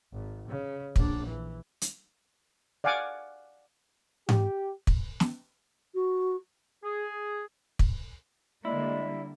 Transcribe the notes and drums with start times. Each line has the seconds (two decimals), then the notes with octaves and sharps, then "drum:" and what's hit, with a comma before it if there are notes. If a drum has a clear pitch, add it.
0.13 G#1
0.48 C#3
0.96 A#1 D4, drum: kick
1.26 E3
1.81 drum: hi-hat
2.84 D5 F5 F#5 G#5 D6
4.29 G4, drum: tom G#2
4.87 drum: kick
5.20 drum: snare
5.94 F#4
6.83 G#4
7.79 drum: kick
8.65 D3 G3 G#3 A#3 E4 D5